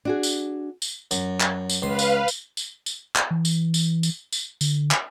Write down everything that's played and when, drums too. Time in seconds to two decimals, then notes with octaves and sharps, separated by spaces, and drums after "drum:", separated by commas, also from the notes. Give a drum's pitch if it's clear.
0.05 D4 F#4 G#4
0.23 drum: tambourine
0.82 drum: tambourine
1.11 F#2, drum: tambourine
1.40 drum: clap
1.69 drum: tambourine
1.82 C#2 B4 F5 C6
1.99 drum: tambourine
2.28 drum: tambourine
2.57 drum: tambourine
2.86 drum: tambourine
3.16 drum: clap
3.31 E3
3.45 drum: tambourine
3.74 drum: tambourine
4.03 drum: tambourine
4.32 drum: tambourine
4.61 D3, drum: tambourine
4.91 drum: clap